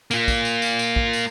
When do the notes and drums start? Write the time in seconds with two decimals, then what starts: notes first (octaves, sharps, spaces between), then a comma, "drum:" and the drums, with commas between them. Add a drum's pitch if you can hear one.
0.11 A#3 F4, drum: tambourine
0.28 drum: kick, tambourine
0.45 drum: tambourine
0.62 drum: tambourine
0.79 drum: tambourine
0.96 drum: kick
1.13 drum: tambourine